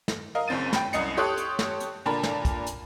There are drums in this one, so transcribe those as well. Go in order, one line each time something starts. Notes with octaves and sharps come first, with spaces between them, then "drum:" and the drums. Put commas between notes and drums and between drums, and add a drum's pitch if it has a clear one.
drum: snare
A#4 D#5 F5
F#1 F#2 C4 A6 D#7
G5 B5, drum: snare
C2 F#2 D#5 C7 C#7, drum: hi-hat
G4 A4 C#5 C6 D#6 F#6
drum: hi-hat
drum: snare
drum: hi-hat
A#2 D3 A#4 A5 B5
drum: snare
drum: kick, hi-hat
drum: hi-hat